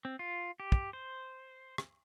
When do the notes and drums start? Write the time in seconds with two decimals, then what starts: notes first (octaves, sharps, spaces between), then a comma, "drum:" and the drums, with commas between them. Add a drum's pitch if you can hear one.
0.05 C4
0.19 F4
0.60 G4
0.72 drum: kick
0.93 C5
1.78 drum: rim click